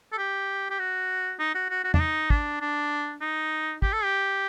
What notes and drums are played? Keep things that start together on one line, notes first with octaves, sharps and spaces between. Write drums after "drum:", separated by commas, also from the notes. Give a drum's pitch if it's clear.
A4
G4
G4
F#4
D#4
F#4
F#4
F#4
D4, drum: tom
D#4
D4, drum: kick
D4
D#4
G4, drum: kick
A4
G4